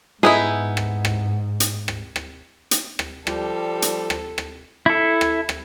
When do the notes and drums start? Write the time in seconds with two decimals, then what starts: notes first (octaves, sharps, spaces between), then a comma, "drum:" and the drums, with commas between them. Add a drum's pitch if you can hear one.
0.23 G#2 B3 D#4 E4 G#4
0.77 drum: rim click
1.05 drum: rim click
1.60 drum: hi-hat
1.88 drum: rim click
2.16 drum: rim click
2.71 drum: hi-hat
2.99 drum: rim click
3.27 F3 G3 A4, drum: rim click
3.82 drum: hi-hat
4.10 drum: rim click
4.38 drum: rim click
4.86 E4 A4
5.21 drum: rim click
5.49 drum: rim click